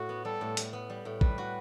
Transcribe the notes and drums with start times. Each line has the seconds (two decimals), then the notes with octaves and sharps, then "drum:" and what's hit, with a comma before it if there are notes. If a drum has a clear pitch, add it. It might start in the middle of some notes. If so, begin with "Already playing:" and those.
Already playing: A2 F#4
0.09 B3
0.25 G3 A4
0.41 A2
0.57 A2, drum: hi-hat
0.73 B3
0.90 G3
1.05 A2
1.21 G3 B4, drum: kick
1.38 F#4